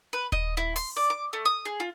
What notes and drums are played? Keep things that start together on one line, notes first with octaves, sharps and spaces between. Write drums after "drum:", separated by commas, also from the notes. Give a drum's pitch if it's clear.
B4
D#5, drum: kick D#1
E4
C6, drum: open hi-hat
D5
D6
A3
D#6
G#4
F4